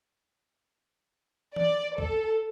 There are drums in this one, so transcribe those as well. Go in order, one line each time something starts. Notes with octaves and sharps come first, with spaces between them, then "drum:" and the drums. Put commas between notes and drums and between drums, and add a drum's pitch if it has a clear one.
D5, drum: tom E3
A4, drum: kick